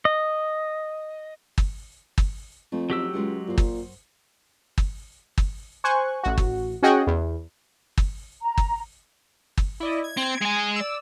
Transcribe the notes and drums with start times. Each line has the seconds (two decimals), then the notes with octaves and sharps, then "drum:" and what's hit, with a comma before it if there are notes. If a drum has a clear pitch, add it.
0.05 D#5
1.58 drum: kick G1
2.18 drum: kick G1
2.72 F2 A3
2.90 F#3 C#4 D#4 G4 E6
3.13 C#2 G#3 F4 F#5
3.47 F#2 A#2 C5
3.58 drum: kick G1
4.78 drum: kick G1
5.38 drum: kick G1
5.84 C5 G#5 C#6 F#6
6.23 A1 F#4
6.38 drum: kick G1
6.83 C#4 F#4 G#4 D#5 F#5 G5
7.07 E2
7.98 drum: kick G1
8.41 A#5
8.58 drum: kick G1
9.58 drum: kick G1
9.80 E4 D5 D#5
10.04 G#6
10.17 C4
10.42 G#3 G#5
10.76 D5 E6